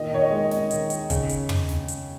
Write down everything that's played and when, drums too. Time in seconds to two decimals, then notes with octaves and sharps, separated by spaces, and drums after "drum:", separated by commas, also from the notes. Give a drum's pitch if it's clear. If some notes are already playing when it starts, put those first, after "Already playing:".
Already playing: A#2 D#3 D#5
0.11 D#3 C#5
0.21 D#5
0.31 G#3
0.51 D#4, drum: snare
0.71 D#3, drum: hi-hat
0.90 D#3, drum: hi-hat
1.10 C#3, drum: kick, hi-hat
1.29 drum: hi-hat
1.49 drum: tom
1.69 drum: snare
1.88 drum: hi-hat